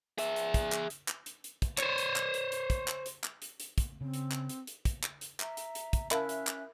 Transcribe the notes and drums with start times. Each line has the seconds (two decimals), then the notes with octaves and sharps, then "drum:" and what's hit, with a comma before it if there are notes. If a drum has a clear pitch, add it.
0.18 G#4 E5, drum: hi-hat
0.36 drum: hi-hat
0.54 drum: kick, hi-hat
0.72 drum: clap
0.90 drum: hi-hat
1.08 drum: clap
1.26 drum: hi-hat
1.44 drum: hi-hat
1.62 drum: kick, hi-hat
1.78 C5 C#5, drum: clap
1.98 drum: hi-hat
2.16 drum: clap
2.34 drum: hi-hat
2.52 drum: hi-hat
2.70 drum: kick, hi-hat
2.88 drum: clap
3.06 drum: hi-hat
3.24 drum: clap
3.42 drum: hi-hat
3.60 drum: hi-hat
3.78 drum: kick, hi-hat
4.01 C#3 C4
4.14 drum: hi-hat
4.31 drum: clap
4.49 drum: hi-hat
4.67 drum: hi-hat
4.85 drum: kick, hi-hat
5.03 drum: clap
5.21 drum: hi-hat
5.40 E5 A#5, drum: clap
5.57 drum: hi-hat
5.75 drum: hi-hat
5.93 drum: kick, hi-hat
6.11 C#4 E4 A#4 E5 F5 A5 F#6, drum: clap
6.29 drum: hi-hat
6.47 drum: clap